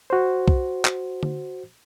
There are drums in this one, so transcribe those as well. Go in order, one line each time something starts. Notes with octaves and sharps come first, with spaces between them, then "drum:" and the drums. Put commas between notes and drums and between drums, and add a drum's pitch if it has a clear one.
F#4 C5
drum: kick
drum: clap
drum: tom D3